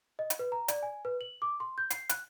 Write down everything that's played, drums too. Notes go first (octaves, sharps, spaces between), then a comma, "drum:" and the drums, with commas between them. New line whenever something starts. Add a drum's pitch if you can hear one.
D#5
drum: hi-hat
B4
A#5
D5, drum: hi-hat
G#5
B4
F#7
D6
C6
G6
C7, drum: hi-hat
F#6, drum: hi-hat